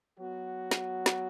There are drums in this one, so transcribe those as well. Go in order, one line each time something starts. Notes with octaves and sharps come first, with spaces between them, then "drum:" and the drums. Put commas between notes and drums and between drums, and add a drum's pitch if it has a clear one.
F#3 B3 F#4
drum: snare
drum: snare